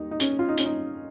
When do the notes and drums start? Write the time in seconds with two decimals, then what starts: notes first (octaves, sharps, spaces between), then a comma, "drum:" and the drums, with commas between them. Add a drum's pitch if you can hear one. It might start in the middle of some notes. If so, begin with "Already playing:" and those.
Already playing: D#2 D#4
0.11 D#4
0.20 C#4, drum: hi-hat
0.39 F4
0.49 D#4
0.58 C#4, drum: hi-hat
0.65 D#4